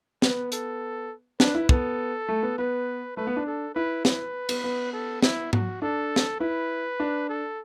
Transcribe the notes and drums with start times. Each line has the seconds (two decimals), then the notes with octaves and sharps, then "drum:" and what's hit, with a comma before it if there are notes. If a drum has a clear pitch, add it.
0.22 B3 B4, drum: snare
0.52 A4, drum: hi-hat
1.40 D4 B4, drum: snare
1.55 E4
1.69 B3 A4, drum: kick
2.29 A3
2.43 B3
2.58 B3 B4
3.17 A3 B4
3.27 B3
3.37 D4
3.47 A4
3.75 E4 B4
4.05 B4, drum: snare
4.49 B3, drum: cymbal
4.64 B3
4.93 A4
5.23 E4, drum: snare
5.53 F#4, drum: tom G#2
5.82 D4 A4
6.16 drum: snare
6.40 E4 B4
7.00 D4
7.29 A4